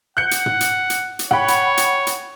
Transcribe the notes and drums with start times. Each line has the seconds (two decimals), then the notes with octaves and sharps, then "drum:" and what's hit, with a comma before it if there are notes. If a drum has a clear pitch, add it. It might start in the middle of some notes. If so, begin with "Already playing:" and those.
0.17 F#5 F#6 G6 C#7
0.31 drum: hi-hat
0.46 drum: tom
0.61 drum: hi-hat
0.90 drum: hi-hat
1.19 drum: hi-hat
1.31 C#5 F#5 G5 B5, drum: tom
1.48 drum: hi-hat
1.77 drum: hi-hat
2.07 drum: hi-hat